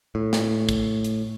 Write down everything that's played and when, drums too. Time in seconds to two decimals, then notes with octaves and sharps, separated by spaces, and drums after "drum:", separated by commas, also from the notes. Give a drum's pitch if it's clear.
0.15 A2
0.33 drum: snare
0.69 drum: kick, hi-hat
1.04 drum: hi-hat